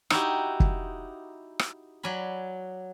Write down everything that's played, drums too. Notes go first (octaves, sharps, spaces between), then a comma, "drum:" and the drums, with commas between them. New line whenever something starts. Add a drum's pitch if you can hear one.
D#4 E4 F#4 G4, drum: rim click
drum: kick
drum: rim click
F#3 D5 G#5 B5